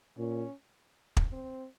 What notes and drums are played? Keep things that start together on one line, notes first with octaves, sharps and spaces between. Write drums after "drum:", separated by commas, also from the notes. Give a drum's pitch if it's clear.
A#2 C#4
drum: kick
C4